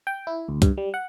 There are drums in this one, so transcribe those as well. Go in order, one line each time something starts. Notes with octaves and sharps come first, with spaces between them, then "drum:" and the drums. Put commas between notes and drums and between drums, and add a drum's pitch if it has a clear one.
G5
E4
D2
G2, drum: kick, hi-hat
G3
F#5